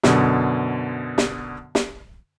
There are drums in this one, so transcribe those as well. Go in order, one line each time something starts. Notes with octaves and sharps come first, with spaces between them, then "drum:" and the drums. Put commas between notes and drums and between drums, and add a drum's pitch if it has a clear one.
F#2 B2 D3, drum: snare
drum: snare
drum: snare